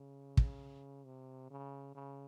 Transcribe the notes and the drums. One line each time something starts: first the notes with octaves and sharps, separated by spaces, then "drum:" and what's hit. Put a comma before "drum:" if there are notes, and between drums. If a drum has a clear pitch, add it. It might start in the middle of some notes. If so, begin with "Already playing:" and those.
Already playing: C#3
drum: kick
C3
C#3
C#3